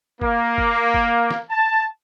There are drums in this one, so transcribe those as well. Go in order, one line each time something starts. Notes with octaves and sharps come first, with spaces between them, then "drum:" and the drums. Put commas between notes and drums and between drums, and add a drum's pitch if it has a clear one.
A#3, drum: kick
drum: kick
drum: kick
drum: snare
A5